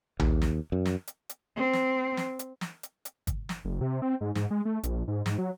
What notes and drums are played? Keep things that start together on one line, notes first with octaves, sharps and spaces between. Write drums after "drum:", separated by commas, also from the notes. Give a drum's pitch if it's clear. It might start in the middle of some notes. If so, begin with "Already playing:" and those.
D#2, drum: tom A#1
drum: snare
F#2
drum: snare
drum: hi-hat
drum: hi-hat
C4
drum: snare
drum: snare
drum: hi-hat
drum: snare
drum: hi-hat
drum: hi-hat
drum: kick, hi-hat
drum: snare
F#1
C3
C4
G#2
G#2, drum: snare
G#3
A3
A#1, drum: hi-hat
G#2
G#2, drum: snare
F#3